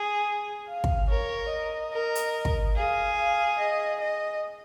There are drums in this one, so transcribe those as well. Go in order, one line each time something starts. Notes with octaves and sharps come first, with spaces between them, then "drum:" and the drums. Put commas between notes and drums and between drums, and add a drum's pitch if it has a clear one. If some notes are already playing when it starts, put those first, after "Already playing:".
Already playing: G#4
F5
drum: kick
A#4 C#5
D#5
A#4
drum: hi-hat
drum: kick
G#4 F5
F5
D#5
D#5